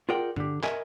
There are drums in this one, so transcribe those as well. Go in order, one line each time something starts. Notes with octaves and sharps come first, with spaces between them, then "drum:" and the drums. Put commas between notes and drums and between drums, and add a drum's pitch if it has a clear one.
F4 G#4 A#4 D5 F#5 G5
D3 G4, drum: tom G2
A#4 D#5 E5 G#5, drum: clap